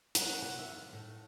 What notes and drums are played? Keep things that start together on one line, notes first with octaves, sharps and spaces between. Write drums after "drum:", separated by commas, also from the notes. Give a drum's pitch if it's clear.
F#3 F#5, drum: hi-hat
C3 F#5
E5
D#3 F5
A2